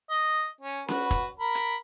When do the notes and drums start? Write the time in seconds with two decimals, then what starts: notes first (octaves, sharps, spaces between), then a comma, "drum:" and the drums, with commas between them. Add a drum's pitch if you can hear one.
0.10 D#5
0.61 C#4
0.88 F#4 B4, drum: snare C#4
1.11 drum: kick, hi-hat
1.40 A#4 B5
1.55 drum: hi-hat